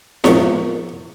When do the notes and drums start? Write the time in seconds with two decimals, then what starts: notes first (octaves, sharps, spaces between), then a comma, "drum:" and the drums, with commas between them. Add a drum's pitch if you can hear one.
0.24 F2 G#2 B2 D#3 F3, drum: snare E4